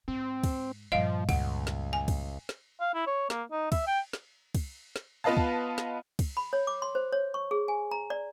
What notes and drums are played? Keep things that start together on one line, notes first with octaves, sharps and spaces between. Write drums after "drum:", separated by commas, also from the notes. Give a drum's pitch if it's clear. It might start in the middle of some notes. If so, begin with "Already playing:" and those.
G#2 C4
drum: kick, cymbal
G2 A#2 F3 D#5 F5
C#2 F#5, drum: kick, cymbal
drum: snare
G#5
drum: kick, cymbal
drum: snare
F5
E4
C#5
A#3, drum: snare
D#4
E5, drum: kick, cymbal
G5
drum: snare
drum: kick, cymbal
drum: snare
B3 F4 B4 D#5 F5 A5
drum: kick
drum: snare
drum: kick, cymbal
B5
C#5
D6
C6
C5
C#5
C#6
G#4
G#5
A#5
D5